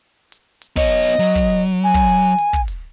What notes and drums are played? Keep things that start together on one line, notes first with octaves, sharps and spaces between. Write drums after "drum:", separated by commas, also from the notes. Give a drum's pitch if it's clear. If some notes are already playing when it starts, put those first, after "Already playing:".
drum: hi-hat
drum: hi-hat
B3 C#5 D#5, drum: kick, hi-hat
drum: hi-hat
F#3, drum: hi-hat
drum: kick, hi-hat
drum: hi-hat
G#5
drum: kick, hi-hat
drum: hi-hat
drum: hi-hat
drum: kick, hi-hat
drum: hi-hat